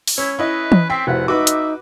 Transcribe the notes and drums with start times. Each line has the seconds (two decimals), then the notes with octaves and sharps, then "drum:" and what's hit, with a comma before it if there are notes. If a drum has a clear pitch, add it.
0.08 drum: open hi-hat
0.18 C#4 E4
0.39 E4 B4 D#5
0.72 drum: tom E3
0.90 C4 G5 B6
1.07 F1 E4 F#4 C5 F#5
1.28 D#4 F#4 B4 E5 D6
1.47 drum: hi-hat